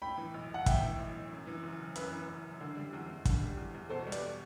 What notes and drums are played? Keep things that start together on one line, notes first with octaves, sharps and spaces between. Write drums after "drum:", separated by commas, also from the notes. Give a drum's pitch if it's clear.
A2 G5 B5
E3
B1
B1 F#5
A2 E5 G5, drum: kick, hi-hat
E3
B1
B1
F#2
E3
F#1
F#1
F#2 B4, drum: hi-hat
E3
F#1
F#1
D3
G3
E2
E2
D3, drum: kick, hi-hat
G3
E2
E2
B2 A4 C5
G3
B4 D5, drum: hi-hat